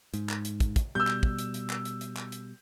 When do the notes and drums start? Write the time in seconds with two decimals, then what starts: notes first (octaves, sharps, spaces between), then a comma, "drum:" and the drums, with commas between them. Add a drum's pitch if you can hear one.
0.14 G#2, drum: hi-hat
0.29 drum: clap
0.45 drum: hi-hat
0.60 drum: kick, hi-hat
0.76 drum: kick, hi-hat
0.95 B2 G3 E6 G6
1.07 drum: clap
1.23 drum: kick
1.39 drum: hi-hat
1.54 drum: hi-hat
1.70 drum: clap
1.85 drum: hi-hat
2.01 drum: hi-hat
2.17 drum: clap
2.32 drum: hi-hat